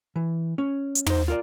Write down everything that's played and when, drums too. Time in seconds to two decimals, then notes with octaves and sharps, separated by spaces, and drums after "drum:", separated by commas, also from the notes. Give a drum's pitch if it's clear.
0.16 E3
0.58 C#4
0.95 drum: hi-hat
1.06 D#4 C5, drum: tom
1.28 F4 A#4 D5